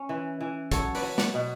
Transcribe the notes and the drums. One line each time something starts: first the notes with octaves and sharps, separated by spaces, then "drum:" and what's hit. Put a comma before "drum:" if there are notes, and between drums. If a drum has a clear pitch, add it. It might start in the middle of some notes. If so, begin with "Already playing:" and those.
Already playing: C#4
E3
E3
F#3 A4 C#5, drum: kick, hi-hat
B4 D5, drum: open hi-hat
F#3
D5 F#5, drum: snare
B2